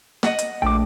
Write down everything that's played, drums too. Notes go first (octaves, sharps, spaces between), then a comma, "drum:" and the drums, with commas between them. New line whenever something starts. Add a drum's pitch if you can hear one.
D#5 F#5, drum: snare
drum: hi-hat
A#1 A3 G5 D6